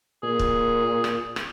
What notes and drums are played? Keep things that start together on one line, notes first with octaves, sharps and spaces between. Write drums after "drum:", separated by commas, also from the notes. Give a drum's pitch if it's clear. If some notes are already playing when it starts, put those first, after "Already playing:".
A#2 G#4
drum: kick
drum: rim click
drum: rim click